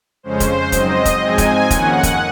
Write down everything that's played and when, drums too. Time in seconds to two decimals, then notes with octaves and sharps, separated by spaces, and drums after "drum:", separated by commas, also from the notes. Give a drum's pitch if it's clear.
0.23 F2 C#3 G#3 C#4 C5
0.40 drum: kick, hi-hat
0.72 G#2 F#3 C4 D#5, drum: kick, hi-hat
1.05 drum: kick, hi-hat
1.22 G#2 F3 G#3 C4 D#4 G#5
1.38 drum: kick, hi-hat
1.71 F2 D#3 A#3 C#4 F#5, drum: kick, hi-hat
2.03 drum: kick, hi-hat